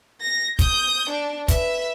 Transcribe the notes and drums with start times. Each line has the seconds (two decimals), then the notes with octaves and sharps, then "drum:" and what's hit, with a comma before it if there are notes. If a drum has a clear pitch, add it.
0.21 A#6
0.59 D#6 G6, drum: kick, hi-hat
1.10 D4
1.48 B4 E5, drum: kick, hi-hat